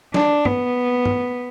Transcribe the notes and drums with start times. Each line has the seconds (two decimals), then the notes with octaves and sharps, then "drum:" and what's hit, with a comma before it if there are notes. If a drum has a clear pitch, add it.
0.14 D4, drum: snare
0.45 B3, drum: tom
1.05 drum: tom